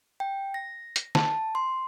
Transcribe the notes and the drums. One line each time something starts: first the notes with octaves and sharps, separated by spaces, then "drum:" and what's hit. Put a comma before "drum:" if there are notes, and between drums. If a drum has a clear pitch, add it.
G5
A#6
drum: hi-hat
A5, drum: snare
C6